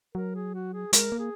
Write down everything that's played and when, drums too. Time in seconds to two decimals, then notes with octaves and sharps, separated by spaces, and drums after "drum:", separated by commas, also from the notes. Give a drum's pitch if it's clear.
0.15 F#3 A#4
0.35 G#4
0.54 F#4
0.74 G#4
0.93 G#3 A#4, drum: hi-hat
1.12 A#3
1.19 G#4